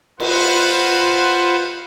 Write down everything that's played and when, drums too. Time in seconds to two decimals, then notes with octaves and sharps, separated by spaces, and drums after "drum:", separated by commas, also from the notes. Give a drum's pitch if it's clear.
0.20 F4 B4 C5 F#5, drum: cymbal